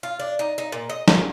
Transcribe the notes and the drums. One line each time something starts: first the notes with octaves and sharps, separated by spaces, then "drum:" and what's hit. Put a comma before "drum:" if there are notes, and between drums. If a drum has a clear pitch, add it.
F4
D4
D#4
D#4
A#2
D#5
D#3, drum: snare